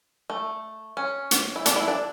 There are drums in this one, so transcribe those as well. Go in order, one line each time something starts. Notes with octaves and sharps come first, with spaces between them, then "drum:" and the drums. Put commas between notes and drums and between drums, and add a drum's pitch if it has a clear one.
A3
C#4
drum: hi-hat
E4
D4, drum: hi-hat
E4
D4